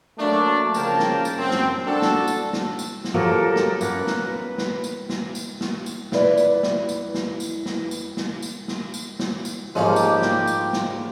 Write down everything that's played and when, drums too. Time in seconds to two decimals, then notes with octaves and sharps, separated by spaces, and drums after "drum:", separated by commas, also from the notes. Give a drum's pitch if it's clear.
0.18 F#3 A3 A#3 D4
0.74 C#3 F3 A#3 A#4 G5 A5, drum: tambourine
0.99 drum: snare
1.25 drum: tambourine
1.37 F#2 C4
1.51 drum: snare
1.85 D4 F#4 A4
2.02 drum: snare
2.28 drum: tambourine
2.53 drum: snare
2.79 drum: tambourine
3.04 drum: snare
3.14 F3 F#3 A#3 G4 A4 A#4
3.56 drum: snare
3.81 A#3 B3 C#4 A#4 F#6, drum: tambourine
4.07 drum: snare
4.28 B4
4.58 drum: snare
4.84 drum: tambourine
5.09 drum: snare
5.35 drum: tambourine
5.61 drum: snare
5.86 drum: tambourine
6.12 F2 E4 B4 D5, drum: snare
6.37 drum: tambourine
6.63 drum: snare
6.89 drum: tambourine
7.14 drum: snare
7.40 drum: tambourine
7.66 drum: snare
7.91 drum: tambourine
8.17 drum: snare
8.42 drum: tambourine
8.68 drum: snare
8.94 drum: tambourine
9.19 drum: snare
9.45 drum: tambourine
9.75 G#2 F3 G3 G#3 A#3 C#4 F4 G4
9.96 drum: tambourine
10.22 drum: snare
10.47 drum: tambourine
10.73 drum: snare